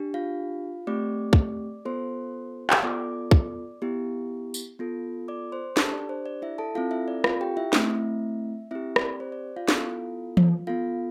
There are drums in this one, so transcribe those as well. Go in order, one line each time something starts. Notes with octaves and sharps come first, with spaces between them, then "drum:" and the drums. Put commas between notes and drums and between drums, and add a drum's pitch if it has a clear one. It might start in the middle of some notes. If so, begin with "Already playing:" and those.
Already playing: D4 G4
F4 F5
A3 C4 G4 D5 D6
drum: kick
B3 F4 A4 C5 C6
drum: clap
B3 F4 A4 D5 D6
drum: kick
B3 E4 G4
drum: tambourine
B3 F4 A4
D5 D6
C5 C6
D4 G4 A4 A5, drum: snare
D5
C5
D5
E4 E5
A4 A5
C4 E4 F4 A4 F5
E4 E5
D5
F4 F5, drum: rim click
G4 G5
E4 E5
A3 C4 E4, drum: snare
C4 E4 G4 E5
D5, drum: rim click
C5
D5
F4 F5
B3 E4 F4 A4 F5, drum: snare
drum: tom E3
B3 F4 A4 F5